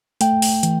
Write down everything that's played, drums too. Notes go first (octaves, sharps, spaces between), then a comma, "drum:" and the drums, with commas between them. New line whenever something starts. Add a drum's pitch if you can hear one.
A3 G5, drum: hi-hat
drum: open hi-hat
E3, drum: hi-hat